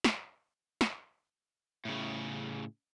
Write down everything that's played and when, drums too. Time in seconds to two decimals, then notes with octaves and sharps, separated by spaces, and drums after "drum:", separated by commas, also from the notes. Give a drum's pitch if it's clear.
0.04 drum: snare
0.81 drum: snare
1.85 A2 C#3